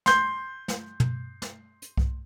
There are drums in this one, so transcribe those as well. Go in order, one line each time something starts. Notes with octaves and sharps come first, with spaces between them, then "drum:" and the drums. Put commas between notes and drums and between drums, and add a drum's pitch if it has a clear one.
C6 G6, drum: snare
drum: snare
drum: tom
drum: snare
drum: hi-hat
drum: kick C2